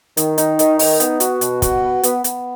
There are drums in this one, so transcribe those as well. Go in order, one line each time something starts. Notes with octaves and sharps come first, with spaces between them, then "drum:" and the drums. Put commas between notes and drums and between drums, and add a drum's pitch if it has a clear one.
D#3, drum: hi-hat
D#4, drum: hi-hat
D#3, drum: hi-hat
D#4, drum: open hi-hat
B3, drum: hi-hat
F#4, drum: hi-hat
B2, drum: hi-hat
F#4, drum: kick, hi-hat
B3
B3, drum: hi-hat
B3, drum: hi-hat